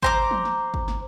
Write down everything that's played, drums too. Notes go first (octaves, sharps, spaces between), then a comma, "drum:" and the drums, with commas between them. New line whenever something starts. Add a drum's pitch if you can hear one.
C5 A#5 D6, drum: kick
drum: tom
drum: snare
drum: kick
drum: snare